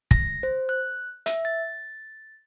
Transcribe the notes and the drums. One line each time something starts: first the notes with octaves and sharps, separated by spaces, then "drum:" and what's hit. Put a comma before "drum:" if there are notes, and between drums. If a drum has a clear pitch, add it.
A#6, drum: kick
C5
F#6
E5, drum: hi-hat
A6